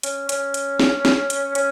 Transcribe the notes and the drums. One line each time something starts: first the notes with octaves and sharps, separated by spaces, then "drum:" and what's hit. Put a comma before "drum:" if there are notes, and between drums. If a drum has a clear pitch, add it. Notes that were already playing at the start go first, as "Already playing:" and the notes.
C#4, drum: hi-hat
C#4, drum: hi-hat
drum: hi-hat
drum: snare
drum: snare
drum: hi-hat
C#4, drum: hi-hat